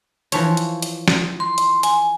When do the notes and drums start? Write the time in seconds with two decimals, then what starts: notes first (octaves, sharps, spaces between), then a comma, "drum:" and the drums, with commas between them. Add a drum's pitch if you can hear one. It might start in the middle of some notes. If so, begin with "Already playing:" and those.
0.32 E3 F3 C#5, drum: hi-hat
0.57 drum: hi-hat
0.82 drum: hi-hat
1.08 drum: snare
1.40 C6
1.58 drum: hi-hat
1.83 G#5, drum: hi-hat